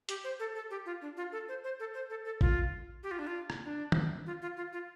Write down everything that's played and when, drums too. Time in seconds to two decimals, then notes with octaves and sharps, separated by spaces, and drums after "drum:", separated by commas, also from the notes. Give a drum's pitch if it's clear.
0.09 G4, drum: hi-hat
0.24 C5
0.40 A4
0.55 A4
0.71 G4
0.86 F4
1.02 D4
1.17 F4
1.32 A4
1.49 C5
1.64 C5
1.80 A4
1.94 C5
2.10 A4
2.25 A4
2.41 F4, drum: kick G#1
3.03 G4
3.11 F4
3.19 D4
3.27 F4
3.50 drum: rim click
3.65 D4
3.92 drum: tom
4.26 F4
4.42 F4
4.57 F4
4.73 F4